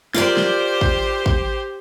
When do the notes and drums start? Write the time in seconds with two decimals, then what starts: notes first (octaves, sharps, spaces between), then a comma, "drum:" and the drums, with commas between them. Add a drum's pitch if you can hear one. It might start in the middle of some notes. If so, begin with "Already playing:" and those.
0.15 F4 G4 A#4 C5 D5, drum: snare
0.37 drum: snare
0.81 drum: kick
1.26 drum: kick